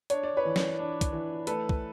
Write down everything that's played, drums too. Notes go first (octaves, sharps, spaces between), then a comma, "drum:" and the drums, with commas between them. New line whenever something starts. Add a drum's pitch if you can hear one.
D4 C#5, drum: hi-hat
D5
B4 C#5
E3
drum: snare
D4
drum: kick, hi-hat
E3
A3 A4 B4, drum: hi-hat
drum: kick